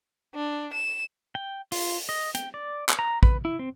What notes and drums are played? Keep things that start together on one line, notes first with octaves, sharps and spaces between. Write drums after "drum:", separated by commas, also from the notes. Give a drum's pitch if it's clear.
D4
E7
G5
F4, drum: open hi-hat
D#5
G5, drum: hi-hat
D5
drum: clap
A#5
B4, drum: kick
E4
C4